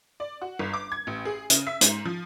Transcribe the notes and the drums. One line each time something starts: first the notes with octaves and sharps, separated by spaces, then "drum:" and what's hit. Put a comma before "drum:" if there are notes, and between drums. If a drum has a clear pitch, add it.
D5
F#4
G1
D6
G#6
A1
G#4
C#3, drum: hi-hat
E5
G#2, drum: hi-hat
F3